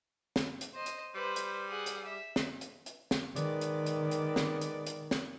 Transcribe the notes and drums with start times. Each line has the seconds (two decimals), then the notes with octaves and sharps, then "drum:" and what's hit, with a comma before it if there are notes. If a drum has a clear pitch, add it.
0.36 drum: snare
0.61 drum: hi-hat
0.74 C5 D#5
0.86 drum: hi-hat
1.15 G3 B4 C5
1.36 drum: hi-hat
1.68 G#4 F#5
1.86 drum: hi-hat
2.05 E5
2.36 drum: snare
2.61 drum: hi-hat
2.86 drum: hi-hat
3.11 drum: snare
3.36 D#3 G#3 B3 D5, drum: hi-hat
3.61 drum: hi-hat
3.86 drum: hi-hat
4.11 drum: hi-hat
4.36 drum: snare
4.61 drum: hi-hat
4.86 drum: hi-hat
5.11 drum: snare